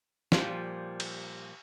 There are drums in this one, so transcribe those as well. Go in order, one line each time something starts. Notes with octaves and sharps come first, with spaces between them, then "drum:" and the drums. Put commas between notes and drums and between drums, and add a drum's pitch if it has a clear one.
A#2 F3 G3, drum: snare
drum: cymbal